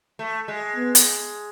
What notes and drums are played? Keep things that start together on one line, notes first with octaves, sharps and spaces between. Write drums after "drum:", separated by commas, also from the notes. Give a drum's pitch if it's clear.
A3
G#3
B3
drum: hi-hat